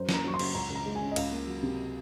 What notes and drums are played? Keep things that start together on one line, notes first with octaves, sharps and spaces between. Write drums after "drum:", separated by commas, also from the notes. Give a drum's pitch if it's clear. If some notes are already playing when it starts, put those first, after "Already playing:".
Already playing: F#2 C5
A#3 A#5, drum: snare
F#3 C#6
C6
C#3, drum: cymbal
C#2 A#5
C#2
A#5
G#3
G#5
C#3
D#5
C#2 F5, drum: cymbal
A#3
F#3
C3